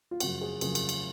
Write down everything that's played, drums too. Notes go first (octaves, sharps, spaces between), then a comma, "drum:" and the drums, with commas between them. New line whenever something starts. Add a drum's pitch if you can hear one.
F4
F#2 C#3 F3 A#3 F#4, drum: cymbal
G#4
F#2 C#3 F3 A#3 G#4, drum: cymbal
drum: cymbal
drum: cymbal